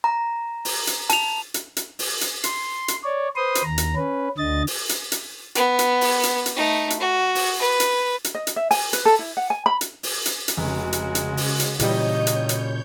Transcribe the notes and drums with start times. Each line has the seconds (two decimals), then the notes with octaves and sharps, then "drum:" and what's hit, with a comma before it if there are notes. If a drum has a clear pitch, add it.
0.04 A#5
0.65 drum: open hi-hat
0.87 drum: hi-hat
1.10 A5 F7, drum: hi-hat
1.54 drum: hi-hat
1.77 drum: hi-hat
1.99 drum: open hi-hat
2.21 drum: hi-hat
2.44 C6, drum: hi-hat
2.88 drum: hi-hat
3.04 C#5 D5
3.36 B4 C5 C6 D#6
3.55 drum: hi-hat
3.65 D#2 A#5
3.78 drum: hi-hat
3.96 C#4 B4
4.38 D2 D3 D#5 A6
4.67 drum: open hi-hat
4.89 drum: hi-hat
5.12 drum: hi-hat
5.55 B3, drum: hi-hat
5.79 drum: hi-hat
6.01 drum: open hi-hat
6.23 drum: hi-hat
6.46 drum: hi-hat
6.56 A3 D#4
6.90 drum: hi-hat
7.00 F#4
7.35 drum: open hi-hat
7.59 B4
7.80 drum: hi-hat
8.24 drum: hi-hat
8.35 D#5
8.47 drum: hi-hat
8.56 E5
8.71 G#5, drum: open hi-hat
8.93 B4, drum: hi-hat
9.05 A4
9.19 E4
9.37 F#5
9.50 G#5
9.66 B5
9.81 drum: hi-hat
10.03 drum: open hi-hat
10.26 drum: hi-hat
10.48 drum: hi-hat
10.57 F1 C#3 G#3 F#4
10.93 drum: hi-hat
11.15 drum: hi-hat
11.37 drum: open hi-hat
11.60 drum: hi-hat
11.79 A#2 C#3 E3 G3 C#5 D#5 G6, drum: hi-hat
12.27 drum: hi-hat
12.49 drum: hi-hat